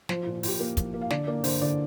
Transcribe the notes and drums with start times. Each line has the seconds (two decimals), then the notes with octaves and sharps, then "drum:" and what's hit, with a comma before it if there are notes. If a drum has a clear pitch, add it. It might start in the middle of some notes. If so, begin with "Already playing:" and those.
0.09 F3 C5, drum: snare
0.22 F4
0.26 A#2
0.35 F4
0.43 A#2 G4, drum: open hi-hat
0.60 A#3 A#4
0.77 F3, drum: kick, hi-hat
0.94 A#3
1.01 F5
1.10 D3 D5, drum: snare
1.27 A#3 D5
1.44 D3 C5, drum: open hi-hat
1.62 D3 D5